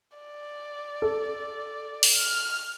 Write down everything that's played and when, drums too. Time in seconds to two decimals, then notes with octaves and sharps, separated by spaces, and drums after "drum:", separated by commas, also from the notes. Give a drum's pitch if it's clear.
0.18 D5
1.02 A4
2.03 drum: open hi-hat
2.14 F6